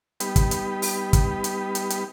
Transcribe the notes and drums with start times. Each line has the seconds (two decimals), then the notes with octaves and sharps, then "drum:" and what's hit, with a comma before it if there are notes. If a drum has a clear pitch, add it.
0.20 G3 B3 D#4 G4 B4, drum: hi-hat
0.36 drum: kick, hi-hat
0.51 drum: hi-hat
0.82 drum: open hi-hat
1.13 drum: kick, hi-hat
1.44 drum: hi-hat
1.75 drum: hi-hat
1.90 drum: hi-hat